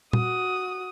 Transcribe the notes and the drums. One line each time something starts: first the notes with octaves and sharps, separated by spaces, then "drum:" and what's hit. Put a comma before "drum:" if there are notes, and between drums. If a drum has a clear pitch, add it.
F#4 D#6, drum: tom A#2